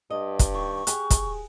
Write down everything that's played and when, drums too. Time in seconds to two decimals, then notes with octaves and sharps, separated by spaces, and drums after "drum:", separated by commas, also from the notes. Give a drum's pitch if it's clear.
0.10 G2 D#5
0.39 drum: kick, hi-hat
0.54 D#3 C#6
0.87 G4 G#4 F#5, drum: hi-hat
1.10 drum: kick, hi-hat